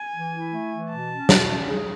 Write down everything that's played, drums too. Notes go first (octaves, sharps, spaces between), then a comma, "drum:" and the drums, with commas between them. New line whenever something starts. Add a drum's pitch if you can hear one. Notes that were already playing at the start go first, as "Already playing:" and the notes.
Already playing: G#5
E3
E4
A3
E3
B2 A5
C#4
B2, drum: snare
C#4
G#4